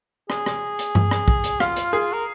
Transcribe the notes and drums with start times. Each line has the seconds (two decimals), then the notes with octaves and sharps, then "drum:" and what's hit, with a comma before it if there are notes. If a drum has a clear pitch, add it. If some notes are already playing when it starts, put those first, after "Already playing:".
0.30 G#4, drum: rim click
0.46 drum: rim click
0.79 drum: hi-hat
0.95 drum: tom G2
1.11 drum: rim click
1.28 drum: kick
1.44 drum: hi-hat
1.60 F4 F5, drum: rim click
1.76 drum: hi-hat
1.93 G#4
2.13 A#4